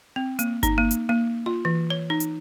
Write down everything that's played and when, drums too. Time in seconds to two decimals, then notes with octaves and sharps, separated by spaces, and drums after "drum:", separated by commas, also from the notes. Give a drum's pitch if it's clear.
0.16 C4
0.39 A#3, drum: hi-hat
0.63 D#4, drum: kick G1, hi-hat
0.78 A#3
0.91 drum: hi-hat
1.09 A#3
1.46 F4
1.65 E3
1.90 C#5
2.10 D#4
2.20 drum: hi-hat